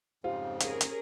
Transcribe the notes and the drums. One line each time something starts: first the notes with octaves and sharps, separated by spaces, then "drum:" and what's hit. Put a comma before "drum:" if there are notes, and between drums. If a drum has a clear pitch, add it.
F2 G#2 C#3 F4 G4 C5
C#4 G#4 A#4, drum: hi-hat
drum: hi-hat